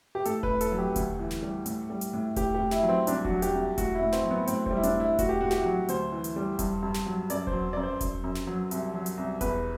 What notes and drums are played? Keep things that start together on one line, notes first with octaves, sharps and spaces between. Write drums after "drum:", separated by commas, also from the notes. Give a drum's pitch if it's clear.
G4
A2 A4, drum: hi-hat
B4, drum: kick E1
A2
A4, drum: hi-hat
F#3
G4
D2, drum: kick E1, hi-hat
E3
drum: snare
G3
A2, drum: hi-hat
G3
drum: hi-hat
A2
A2 G4, drum: kick E1, hi-hat
G4
A2
E4, drum: snare
F#3
C4
C2 D4, drum: hi-hat
F#4, drum: kick E1
F#3
G4, drum: hi-hat
C2
A2 F#4, drum: kick E1, hi-hat
E4
A2
C4, drum: snare
F#3
B3
A2 C4, drum: hi-hat
G3 C4, drum: kick E1
E4
D4, drum: hi-hat
A2
E4
A2 F#4, drum: kick E1, hi-hat
G4
A2 F#4
G4, drum: snare
F#3 F#4
D2 C5, drum: hi-hat
E3
drum: hi-hat
G3
G2, drum: kick E1, hi-hat
G2
drum: snare
F#3
F#2 D5, drum: hi-hat
C5, drum: kick E1
F#3
F#2 D5
C5
F#2, drum: kick E1, hi-hat
F#2
drum: snare
F#3
C2, drum: hi-hat
F#3
drum: hi-hat
C2
E2 B4, drum: kick E1, hi-hat